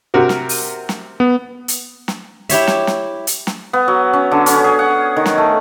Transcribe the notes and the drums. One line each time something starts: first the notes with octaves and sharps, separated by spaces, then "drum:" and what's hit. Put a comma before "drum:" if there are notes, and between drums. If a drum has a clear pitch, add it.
C3 F#4 A#4
drum: snare
drum: open hi-hat
drum: snare
B3
drum: hi-hat
drum: snare
E4 G4 C#5 E5, drum: hi-hat
drum: snare
drum: snare
drum: hi-hat
drum: snare
B3
F#3
C#4
D3
C#4, drum: hi-hat
G#4
F#5
D#3
drum: snare
A3